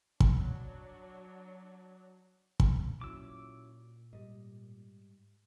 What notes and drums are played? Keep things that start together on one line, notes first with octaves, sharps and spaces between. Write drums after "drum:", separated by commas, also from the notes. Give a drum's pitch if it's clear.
F#3 D4, drum: kick
drum: kick
A#2 F#3 C#4 E4 D6 E6
G#2 G3 D#5